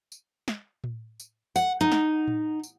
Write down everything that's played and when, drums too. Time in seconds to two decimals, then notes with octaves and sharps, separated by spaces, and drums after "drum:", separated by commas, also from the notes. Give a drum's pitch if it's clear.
0.12 drum: tambourine
0.48 drum: snare
0.84 drum: tom A2
1.20 drum: tambourine
1.56 F#5, drum: tambourine
1.81 D#4
1.92 drum: snare
2.28 drum: tom A2
2.63 drum: tambourine